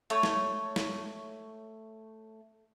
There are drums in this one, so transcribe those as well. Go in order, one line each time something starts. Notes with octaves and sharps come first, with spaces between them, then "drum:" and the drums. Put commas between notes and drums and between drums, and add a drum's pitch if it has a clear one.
A3 C#5, drum: hi-hat
drum: snare
drum: snare